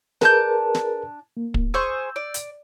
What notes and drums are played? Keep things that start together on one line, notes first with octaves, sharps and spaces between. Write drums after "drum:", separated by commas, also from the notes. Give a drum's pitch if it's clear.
D4 G#4 A#4 B4 A5 G6, drum: snare
drum: snare
A#3
drum: kick
G#4 C5 C#6 E6 G6
D5
drum: hi-hat